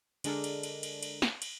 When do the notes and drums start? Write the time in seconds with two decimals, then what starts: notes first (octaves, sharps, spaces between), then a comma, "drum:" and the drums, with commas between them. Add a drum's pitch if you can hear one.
0.24 D3 G#3 D4 A4 A#4, drum: cymbal
0.44 drum: cymbal
0.63 drum: cymbal
0.83 drum: cymbal
1.03 drum: cymbal
1.22 drum: snare
1.42 drum: cymbal